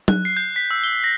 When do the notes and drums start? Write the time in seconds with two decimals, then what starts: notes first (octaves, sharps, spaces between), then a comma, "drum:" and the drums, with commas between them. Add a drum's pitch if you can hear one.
0.08 F#6, drum: tom F#3
0.25 C7
0.37 G6
0.56 B6
0.71 E6
0.84 G7
1.04 A#6